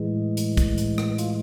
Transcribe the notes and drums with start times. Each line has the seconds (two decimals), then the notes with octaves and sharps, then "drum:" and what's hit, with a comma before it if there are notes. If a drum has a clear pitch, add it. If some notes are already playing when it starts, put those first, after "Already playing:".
Already playing: A2 E3 G#3
0.37 drum: hi-hat
0.57 drum: kick, hi-hat
0.78 drum: hi-hat
0.98 drum: rim click
1.18 F4, drum: hi-hat